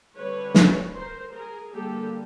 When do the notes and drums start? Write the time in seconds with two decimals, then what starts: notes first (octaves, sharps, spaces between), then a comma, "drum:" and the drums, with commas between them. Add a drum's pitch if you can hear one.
0.16 D3 G3 C4 B4 C#5
0.54 drum: snare
0.95 A#4 C5
1.33 G#4 A#4
1.73 D3 G3 A#3 G4 A4